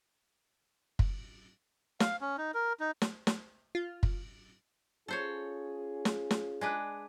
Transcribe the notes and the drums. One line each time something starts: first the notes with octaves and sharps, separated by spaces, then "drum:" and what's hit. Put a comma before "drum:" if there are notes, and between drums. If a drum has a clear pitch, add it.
drum: kick
F5, drum: snare
C#4
D#4
A#4
D#4
drum: snare
drum: snare
F4
drum: kick
C#4 F4 G#4 A4 C5 C#5
drum: snare
drum: snare
G#3 D4 B4